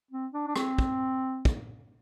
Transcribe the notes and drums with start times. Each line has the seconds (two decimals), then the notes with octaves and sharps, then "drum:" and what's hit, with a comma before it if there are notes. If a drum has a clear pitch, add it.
0.11 C4
0.34 D4
0.47 D4
0.56 C4, drum: rim click
0.78 drum: kick
1.45 drum: kick